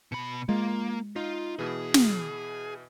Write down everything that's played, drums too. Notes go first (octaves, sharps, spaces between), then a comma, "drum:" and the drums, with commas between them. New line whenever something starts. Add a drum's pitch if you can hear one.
B2 B5 C#7
G#3 A#3 F4
D#4 F4
B2 E3 G#4
drum: snare